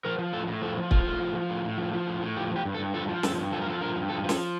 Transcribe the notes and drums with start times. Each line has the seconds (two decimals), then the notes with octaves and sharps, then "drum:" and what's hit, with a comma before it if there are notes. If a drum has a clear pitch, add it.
0.05 F3 A#4
0.18 F3
0.33 A2 A4
0.47 A2
0.62 F3 A4
0.78 F3
0.91 A2 F4, drum: kick
1.05 A2
1.20 F3
1.35 F3
1.49 A2
1.64 A2
1.78 F3
1.93 F3
2.07 A2
2.21 A2
2.37 F3 G4
2.51 F3 G4
2.65 G2
2.75 A4
2.79 G2
2.94 F3 A4
3.08 F3
3.23 G2 A4, drum: snare
3.37 G2
3.52 F3 A4
3.62 A#4
3.66 F3 A4
3.81 G2 A#4
3.96 G2
4.09 F3 A4
4.24 F3
4.29 A4, drum: snare